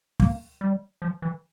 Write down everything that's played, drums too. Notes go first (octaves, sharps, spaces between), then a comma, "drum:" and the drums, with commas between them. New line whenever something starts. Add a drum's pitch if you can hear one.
A#3, drum: kick
G3
F3
E3